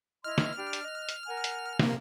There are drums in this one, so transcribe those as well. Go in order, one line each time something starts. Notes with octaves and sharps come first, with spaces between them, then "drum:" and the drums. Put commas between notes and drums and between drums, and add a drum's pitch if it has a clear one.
E4 D#5 C6 F6
drum: snare
D4 G4 B5
drum: hi-hat
D#5 F#6
drum: hi-hat
A#4 F#5 G#5
drum: hi-hat
C3 A#3, drum: snare